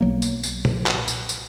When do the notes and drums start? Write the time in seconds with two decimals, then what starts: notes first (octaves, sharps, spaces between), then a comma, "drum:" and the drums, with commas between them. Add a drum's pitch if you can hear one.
0.01 B1 F#3 A#3
0.22 drum: tambourine
0.43 drum: tambourine
0.65 drum: tom A#2
0.86 drum: clap
1.08 drum: tambourine
1.29 drum: tambourine